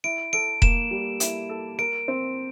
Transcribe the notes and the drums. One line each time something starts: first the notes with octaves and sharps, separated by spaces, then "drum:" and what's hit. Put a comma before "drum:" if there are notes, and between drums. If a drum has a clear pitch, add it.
E4 D7
A4 D7
A#3 E7, drum: kick E1
G3
E4, drum: hi-hat
A4
A#4 D7
C4